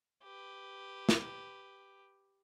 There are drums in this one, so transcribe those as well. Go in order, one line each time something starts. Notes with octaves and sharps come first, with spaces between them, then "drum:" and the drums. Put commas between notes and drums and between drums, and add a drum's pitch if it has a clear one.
G4 B4
drum: snare